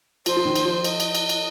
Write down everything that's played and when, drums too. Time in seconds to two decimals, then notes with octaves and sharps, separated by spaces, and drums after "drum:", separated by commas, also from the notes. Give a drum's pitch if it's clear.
0.26 F3 C5, drum: cymbal
0.37 F3
0.45 D#3
0.56 drum: cymbal
0.65 F3
0.84 D#5, drum: cymbal
1.00 drum: cymbal
1.15 drum: cymbal
1.29 drum: cymbal